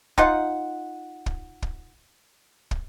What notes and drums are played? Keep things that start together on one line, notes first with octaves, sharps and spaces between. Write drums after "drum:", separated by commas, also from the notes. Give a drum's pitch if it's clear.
D#4 F4 F#5, drum: kick
drum: kick
drum: kick
drum: kick